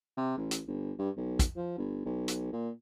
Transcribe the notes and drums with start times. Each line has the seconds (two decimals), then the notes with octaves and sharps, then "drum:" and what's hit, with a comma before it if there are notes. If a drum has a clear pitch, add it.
0.17 C3
0.37 A1
0.51 drum: hi-hat
0.68 G1
0.99 G2
1.17 B1
1.39 drum: kick, hi-hat
1.57 F3
1.78 G1
2.06 B1
2.28 drum: hi-hat
2.53 A#2